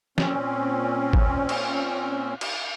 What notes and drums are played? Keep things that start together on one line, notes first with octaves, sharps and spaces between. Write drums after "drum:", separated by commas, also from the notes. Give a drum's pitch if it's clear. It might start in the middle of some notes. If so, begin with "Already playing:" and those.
A#2 C4 C#4, drum: snare
drum: kick
drum: cymbal
drum: cymbal